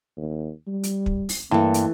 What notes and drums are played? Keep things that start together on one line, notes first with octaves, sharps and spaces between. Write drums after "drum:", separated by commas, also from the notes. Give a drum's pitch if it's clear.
D#2
G3
drum: hi-hat
drum: kick
drum: open hi-hat
G2 E3 A3 A#3
drum: hi-hat